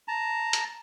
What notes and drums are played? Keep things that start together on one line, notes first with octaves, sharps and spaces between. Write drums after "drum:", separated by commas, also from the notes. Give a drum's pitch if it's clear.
A5 A#5
drum: hi-hat